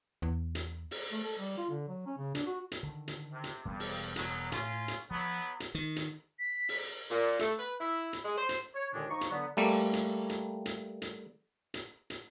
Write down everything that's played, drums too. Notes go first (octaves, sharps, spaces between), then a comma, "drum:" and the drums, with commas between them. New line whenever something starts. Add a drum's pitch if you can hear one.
E2
drum: hi-hat
drum: open hi-hat
A3
A4
G3
F4
D3
F#3
C#4
C#3
D4, drum: hi-hat
F#4
drum: hi-hat
D3 D#3
drum: hi-hat
C3
drum: hi-hat
E1 G2 G3 B3
drum: open hi-hat
B2 D#3 F#3, drum: hi-hat
A2 C#4 F4, drum: hi-hat
drum: hi-hat
F3 F#3 B3
drum: hi-hat
D#3
drum: hi-hat
B6
drum: open hi-hat
A#2
A3, drum: hi-hat
B4
E4
drum: hi-hat
G#3
C5
drum: hi-hat
C#5
D#2 A#2 D3 D#3 G#3 D4
F3 D#4 D#5 A#5 C#6
drum: hi-hat
D3 F#3 B3
G3 A3 A#3, drum: open hi-hat
drum: hi-hat
drum: hi-hat
drum: hi-hat
drum: hi-hat
drum: hi-hat
drum: hi-hat